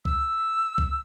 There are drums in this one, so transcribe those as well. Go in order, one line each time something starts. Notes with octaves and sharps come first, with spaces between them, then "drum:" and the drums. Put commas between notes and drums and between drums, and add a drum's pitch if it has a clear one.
E6, drum: kick C2
drum: kick C2